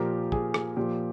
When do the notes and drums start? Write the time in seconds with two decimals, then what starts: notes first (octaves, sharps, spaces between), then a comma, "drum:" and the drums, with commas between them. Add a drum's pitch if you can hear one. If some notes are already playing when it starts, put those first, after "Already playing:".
Already playing: A#2 F3 G4 A#4
0.32 G#4, drum: kick
0.54 G#4, drum: rim click
0.77 A#2 F3 G4